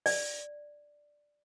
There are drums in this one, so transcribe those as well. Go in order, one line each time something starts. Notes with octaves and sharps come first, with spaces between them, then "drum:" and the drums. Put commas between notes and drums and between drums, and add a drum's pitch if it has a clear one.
D5, drum: open hi-hat